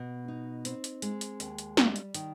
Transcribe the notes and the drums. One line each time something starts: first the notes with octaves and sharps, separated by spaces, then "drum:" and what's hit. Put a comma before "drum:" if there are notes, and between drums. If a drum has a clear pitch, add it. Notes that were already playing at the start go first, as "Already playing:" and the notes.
Already playing: B2
D#4
C4, drum: hi-hat
drum: hi-hat
G#3, drum: hi-hat
drum: hi-hat
D#2, drum: hi-hat
drum: hi-hat
G3, drum: snare
drum: hi-hat
D#3, drum: hi-hat